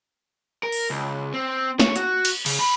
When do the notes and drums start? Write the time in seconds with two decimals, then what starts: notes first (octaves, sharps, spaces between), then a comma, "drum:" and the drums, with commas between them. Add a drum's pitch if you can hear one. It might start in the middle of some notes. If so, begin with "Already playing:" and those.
0.63 A#4
0.72 drum: open hi-hat
0.90 C#2
1.34 C4
1.80 C#5, drum: snare
1.96 F#4, drum: hi-hat
2.25 drum: cymbal
2.46 C#3, drum: cymbal
2.59 B5